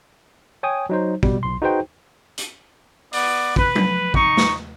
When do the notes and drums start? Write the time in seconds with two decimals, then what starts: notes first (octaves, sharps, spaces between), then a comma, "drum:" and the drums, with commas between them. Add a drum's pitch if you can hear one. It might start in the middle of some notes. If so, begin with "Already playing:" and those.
0.63 C#5 G5 G#5 D#6
0.89 F#3 D#4 C5
1.23 B2 G3, drum: kick
1.43 B1 C6
1.62 D#4 F#4 G#4 B4 C5 G5
2.38 drum: hi-hat
3.13 B3 D5, drum: open hi-hat
3.56 B4, drum: kick
3.75 drum: tom F#3
4.14 D#4 C#6, drum: kick
4.37 drum: snare